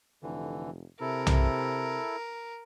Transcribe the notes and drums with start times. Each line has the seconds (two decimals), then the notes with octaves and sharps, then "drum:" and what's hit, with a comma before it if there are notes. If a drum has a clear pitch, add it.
0.23 F1 D3 E3
1.01 C3 E4 A4 A#4
1.27 drum: tom B1